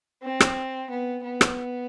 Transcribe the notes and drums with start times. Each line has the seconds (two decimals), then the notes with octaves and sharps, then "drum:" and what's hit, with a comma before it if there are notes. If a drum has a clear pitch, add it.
0.23 C4
0.40 drum: rim click
0.90 B3
1.24 B3
1.41 drum: rim click